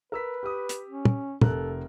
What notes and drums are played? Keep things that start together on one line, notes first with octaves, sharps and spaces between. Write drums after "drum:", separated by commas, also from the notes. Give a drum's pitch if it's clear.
A#4 B4 E6 B6
G4 D#6
drum: hi-hat
C#4
drum: tom
F1 A4 A#4 F#6, drum: tom